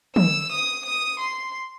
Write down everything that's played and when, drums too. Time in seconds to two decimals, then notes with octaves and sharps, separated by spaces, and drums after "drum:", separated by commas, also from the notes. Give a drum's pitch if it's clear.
0.16 E6, drum: tom
0.52 D#6
0.85 D#6
1.19 C6